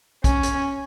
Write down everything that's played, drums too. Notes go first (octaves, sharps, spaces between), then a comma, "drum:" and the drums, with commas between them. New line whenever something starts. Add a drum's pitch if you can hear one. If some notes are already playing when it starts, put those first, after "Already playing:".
C#4, drum: kick, hi-hat
drum: hi-hat